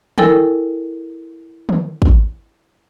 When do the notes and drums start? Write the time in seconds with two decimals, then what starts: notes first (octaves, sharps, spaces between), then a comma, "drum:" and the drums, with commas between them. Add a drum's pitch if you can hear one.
0.18 E4 A4 A#4 G5 G#5, drum: tom
1.69 drum: tom
2.02 drum: kick